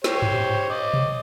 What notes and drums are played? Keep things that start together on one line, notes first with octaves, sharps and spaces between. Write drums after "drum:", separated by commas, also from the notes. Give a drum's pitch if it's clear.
G4 C5 C#5, drum: snare
drum: tom G2
D#5 D6
drum: tom B2